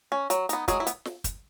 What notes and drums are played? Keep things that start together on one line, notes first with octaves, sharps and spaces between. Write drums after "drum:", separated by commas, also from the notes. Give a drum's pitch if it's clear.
C#4
F#3, drum: hi-hat
B3 D#4, drum: hi-hat
F#3 G#3 G#4, drum: kick, hi-hat
E4
B3, drum: hi-hat
drum: snare
drum: kick, hi-hat